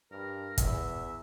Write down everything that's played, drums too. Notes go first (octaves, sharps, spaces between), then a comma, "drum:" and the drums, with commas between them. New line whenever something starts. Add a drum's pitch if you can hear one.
G2 A#4
E2 E5, drum: kick, hi-hat